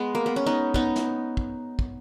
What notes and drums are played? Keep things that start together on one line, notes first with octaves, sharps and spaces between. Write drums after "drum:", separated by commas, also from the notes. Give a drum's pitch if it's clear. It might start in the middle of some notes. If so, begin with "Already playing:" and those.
Already playing: G#3 B3
A#3
B3
C#4
B3 D#4
B3 D#4, drum: kick
drum: snare
drum: kick
drum: kick